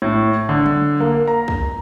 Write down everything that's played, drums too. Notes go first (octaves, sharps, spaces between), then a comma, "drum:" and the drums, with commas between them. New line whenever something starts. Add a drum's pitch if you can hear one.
A2
D3
drum: tom F#3
A#3
A#5
drum: kick